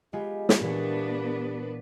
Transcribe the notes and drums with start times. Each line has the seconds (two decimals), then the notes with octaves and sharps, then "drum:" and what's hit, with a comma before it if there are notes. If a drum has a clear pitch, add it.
0.13 G#3 B3 F4 G4 D#5 G#5
0.49 drum: snare
0.61 A#2 E3 B3 D4 A#4 B4 C#5